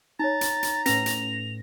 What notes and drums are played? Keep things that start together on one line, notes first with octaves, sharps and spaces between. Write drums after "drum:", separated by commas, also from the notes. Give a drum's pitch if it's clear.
D#4 C#5 A#5 A6
drum: hi-hat
drum: hi-hat
A2 C#4 B4 A#6 F7, drum: hi-hat
drum: hi-hat